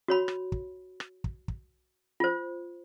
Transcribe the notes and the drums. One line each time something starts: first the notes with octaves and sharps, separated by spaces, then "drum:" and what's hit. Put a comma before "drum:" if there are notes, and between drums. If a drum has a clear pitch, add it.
F#4 C#5 B5
drum: rim click
drum: kick
drum: rim click
drum: kick
drum: kick
F4 C5